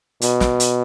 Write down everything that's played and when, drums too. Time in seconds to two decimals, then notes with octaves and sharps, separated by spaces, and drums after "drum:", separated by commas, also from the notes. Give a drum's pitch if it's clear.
0.22 B2, drum: hi-hat
0.40 drum: snare
0.60 drum: hi-hat